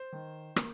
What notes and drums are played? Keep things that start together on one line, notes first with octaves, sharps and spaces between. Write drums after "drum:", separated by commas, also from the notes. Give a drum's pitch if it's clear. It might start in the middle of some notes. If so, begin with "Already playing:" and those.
Already playing: C5
D#3
A#3, drum: rim click